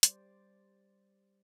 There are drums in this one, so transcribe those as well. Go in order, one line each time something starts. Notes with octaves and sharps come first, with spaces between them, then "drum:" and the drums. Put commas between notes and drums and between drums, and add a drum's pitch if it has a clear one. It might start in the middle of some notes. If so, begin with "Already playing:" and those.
G3 C5 D5, drum: hi-hat